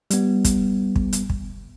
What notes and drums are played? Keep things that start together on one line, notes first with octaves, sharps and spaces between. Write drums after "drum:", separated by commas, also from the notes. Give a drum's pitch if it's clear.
G3 B3, drum: hi-hat
drum: kick, hi-hat
drum: kick
drum: hi-hat
drum: kick